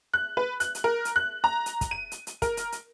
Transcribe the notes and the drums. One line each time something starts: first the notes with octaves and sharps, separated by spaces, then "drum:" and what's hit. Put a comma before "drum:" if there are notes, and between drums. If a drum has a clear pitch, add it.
F#6
B4
F#6, drum: hi-hat
drum: hi-hat
A#4
drum: hi-hat
F#6
A#5
drum: hi-hat
drum: kick, hi-hat
D#7
drum: hi-hat
drum: hi-hat
A#4, drum: kick, hi-hat
drum: hi-hat
drum: hi-hat